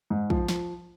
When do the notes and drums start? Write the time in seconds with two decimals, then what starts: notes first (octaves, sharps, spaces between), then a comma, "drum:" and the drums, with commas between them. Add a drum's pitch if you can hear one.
0.10 G#2
0.30 F3, drum: kick
0.48 F3, drum: snare